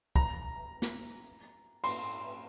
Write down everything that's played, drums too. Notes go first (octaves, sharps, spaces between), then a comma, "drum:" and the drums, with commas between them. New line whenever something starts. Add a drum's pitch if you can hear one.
A#5, drum: kick
drum: snare
C6, drum: cymbal